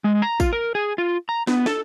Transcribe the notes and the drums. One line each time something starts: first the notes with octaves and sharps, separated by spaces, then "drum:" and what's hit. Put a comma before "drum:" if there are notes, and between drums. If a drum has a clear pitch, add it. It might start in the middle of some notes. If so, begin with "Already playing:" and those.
G#3
A#5
F4, drum: kick A1, tambourine
A#4
G#4
F4
A#5
B3, drum: snare
A4, drum: snare